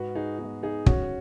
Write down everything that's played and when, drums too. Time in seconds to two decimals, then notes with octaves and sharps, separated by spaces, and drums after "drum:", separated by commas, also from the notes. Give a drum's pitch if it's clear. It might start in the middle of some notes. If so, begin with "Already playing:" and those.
Already playing: G#2 F#4 B4
0.15 D#4 G#4
0.39 B3 D#4
0.44 G#3
0.63 D#4 G#4
0.86 F#2 C#4 F#4, drum: kick